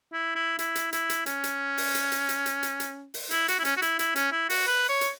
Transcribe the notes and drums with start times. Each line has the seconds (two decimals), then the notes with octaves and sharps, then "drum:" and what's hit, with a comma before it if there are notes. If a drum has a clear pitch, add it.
0.13 E4
0.36 E4
0.59 E4, drum: hi-hat
0.75 drum: hi-hat
0.93 E4, drum: hi-hat
1.10 drum: hi-hat
1.26 C#4, drum: hi-hat
1.44 drum: hi-hat
1.78 drum: open hi-hat
1.95 drum: hi-hat
2.12 drum: hi-hat
2.29 drum: hi-hat
2.46 drum: hi-hat
2.63 drum: hi-hat
2.80 drum: hi-hat
3.14 drum: open hi-hat
3.31 E4, drum: hi-hat
3.48 F#4, drum: hi-hat
3.59 E4
3.65 C#4, drum: hi-hat
3.77 F#4
3.82 E4, drum: hi-hat
3.99 E4, drum: hi-hat
4.16 C#4, drum: hi-hat
4.32 E4
4.50 F#4, drum: open hi-hat
4.67 B4
4.89 C#5
5.01 drum: hi-hat